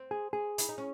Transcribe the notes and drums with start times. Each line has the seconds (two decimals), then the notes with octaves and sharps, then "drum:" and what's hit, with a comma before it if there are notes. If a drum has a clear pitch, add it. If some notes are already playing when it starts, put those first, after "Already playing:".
Already playing: C4
0.11 G#4
0.33 G#4
0.58 E4, drum: hi-hat
0.69 D#4
0.78 C#4